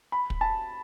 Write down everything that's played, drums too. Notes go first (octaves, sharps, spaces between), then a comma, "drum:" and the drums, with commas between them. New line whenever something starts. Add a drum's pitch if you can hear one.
B5
drum: kick
A5